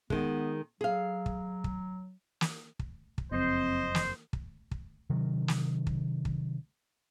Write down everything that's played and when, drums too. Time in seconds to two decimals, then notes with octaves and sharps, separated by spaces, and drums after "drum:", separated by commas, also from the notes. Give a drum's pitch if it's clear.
0.10 D#3 G#3 B3, drum: kick
0.81 F#3 G#4 F5
1.26 drum: kick
1.64 drum: kick
2.41 drum: snare
2.79 drum: kick
3.18 drum: kick
3.32 F#1 F2 C4 C5 D#5
3.95 drum: snare
4.33 drum: kick
4.71 drum: kick
5.10 C3 D#3 F#3
5.48 drum: snare
5.87 drum: kick
6.25 drum: kick